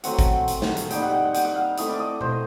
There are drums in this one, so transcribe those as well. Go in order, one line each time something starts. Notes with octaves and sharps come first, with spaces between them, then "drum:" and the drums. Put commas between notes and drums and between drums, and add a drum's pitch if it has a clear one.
F#3 A3 C4 F#5, drum: hi-hat
drum: kick G#1, hi-hat
drum: hi-hat
drum: snare
drum: hi-hat
G3 A#3 D#4 G5, drum: hi-hat
F#5
G5
F#5
G5, drum: hi-hat
F#5
F5
A3 C4 E4 D#5, drum: hi-hat
D5
D#5
C5, drum: tom B2